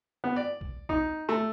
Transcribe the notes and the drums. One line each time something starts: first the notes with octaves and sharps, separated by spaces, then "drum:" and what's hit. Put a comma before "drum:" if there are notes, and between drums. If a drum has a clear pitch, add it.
B3
D5
drum: kick A#1
D#4, drum: kick A#1
A3